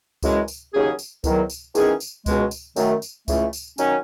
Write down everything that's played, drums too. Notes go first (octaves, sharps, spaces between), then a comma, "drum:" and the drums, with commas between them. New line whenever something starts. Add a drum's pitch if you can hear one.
F#2 C#3 E3 G#3, drum: kick C#2, tambourine
drum: tambourine
D#2 C#3 F#3 C#4 G#4
drum: tambourine
E2 D#3 F#3, drum: kick C#2, tambourine
drum: tambourine
E2 D#3 G#3 C#4 G#4, drum: tambourine
drum: tambourine
C#2 B2 G#3, drum: kick C#2, tambourine
drum: tambourine
F#2 D#3 A3, drum: tambourine
drum: tambourine
C#2 C#3 E3 A3, drum: kick C#2, tambourine
drum: tambourine
D#3 F#3 C#4, drum: tambourine